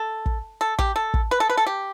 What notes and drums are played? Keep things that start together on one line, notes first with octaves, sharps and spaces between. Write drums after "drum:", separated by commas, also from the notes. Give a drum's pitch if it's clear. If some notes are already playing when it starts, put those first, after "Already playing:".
Already playing: A4
drum: kick
A4
G4, drum: kick
A4
drum: kick
B4
A4
B4
A4
G4